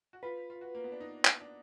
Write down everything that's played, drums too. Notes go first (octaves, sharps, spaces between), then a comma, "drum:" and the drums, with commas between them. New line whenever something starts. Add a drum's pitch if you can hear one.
F#4
F4 B4
F4
F#4
A#3
B3
D4
D#4
drum: clap
D4